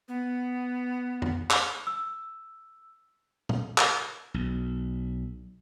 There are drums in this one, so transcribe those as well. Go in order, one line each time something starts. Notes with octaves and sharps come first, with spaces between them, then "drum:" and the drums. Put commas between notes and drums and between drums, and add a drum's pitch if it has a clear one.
B3
drum: tom F2
drum: clap
E6
drum: tom
drum: clap
B1